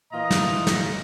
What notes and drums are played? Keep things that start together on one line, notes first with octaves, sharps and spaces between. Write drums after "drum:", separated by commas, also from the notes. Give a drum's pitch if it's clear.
A#2 E3 F4 D#5 A#5
drum: snare
drum: snare